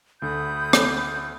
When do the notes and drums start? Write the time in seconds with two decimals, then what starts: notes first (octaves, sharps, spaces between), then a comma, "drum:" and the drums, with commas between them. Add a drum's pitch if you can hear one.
0.22 D2 D3 B5 D#6 G6
0.73 drum: rim click